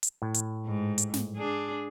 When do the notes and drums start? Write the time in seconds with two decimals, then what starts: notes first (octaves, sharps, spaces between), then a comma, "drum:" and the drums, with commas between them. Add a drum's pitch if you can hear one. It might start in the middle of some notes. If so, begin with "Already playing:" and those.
0.03 drum: hi-hat
0.22 A2
0.34 drum: hi-hat
0.66 G#2
0.98 drum: hi-hat
1.14 drum: snare
1.37 D4 G#4